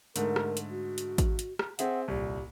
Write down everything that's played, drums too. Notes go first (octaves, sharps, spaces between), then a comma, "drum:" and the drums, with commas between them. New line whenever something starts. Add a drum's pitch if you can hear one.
G#2 D3 A3 A#4, drum: hi-hat
drum: rim click
drum: hi-hat
F#4
drum: hi-hat
drum: kick A1, hi-hat
drum: hi-hat
drum: rim click
C4 G#4 E5 F#5, drum: hi-hat
D#1 C2 G4